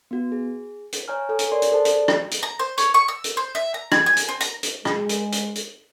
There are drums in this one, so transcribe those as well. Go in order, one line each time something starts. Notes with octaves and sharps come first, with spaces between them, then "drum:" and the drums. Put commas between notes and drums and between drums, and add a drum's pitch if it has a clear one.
B3 F#4
G#4
drum: hi-hat
C#5 G#5 A#5 F6
A4 C#5 G#5
drum: hi-hat
A#4 D5 C6
drum: hi-hat
G#4 A4 C5 D5 A5
drum: hi-hat
drum: rim click
drum: hi-hat
A#5
C5
C#5, drum: hi-hat
C#6
E6
drum: hi-hat
C5
E5
A#5
G#5, drum: rim click
G#5
drum: hi-hat
C4
A#5, drum: hi-hat
drum: hi-hat
G#3, drum: rim click
drum: hi-hat
drum: hi-hat
drum: hi-hat